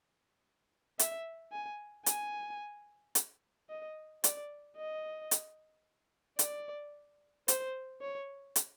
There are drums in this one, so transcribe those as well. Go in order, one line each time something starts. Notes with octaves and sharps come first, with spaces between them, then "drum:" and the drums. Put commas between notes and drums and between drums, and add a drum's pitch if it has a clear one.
E5, drum: hi-hat
G#5
G#5, drum: hi-hat
drum: hi-hat
D#5
D5, drum: hi-hat
D#5
drum: hi-hat
D5, drum: hi-hat
C5, drum: hi-hat
C#5
drum: hi-hat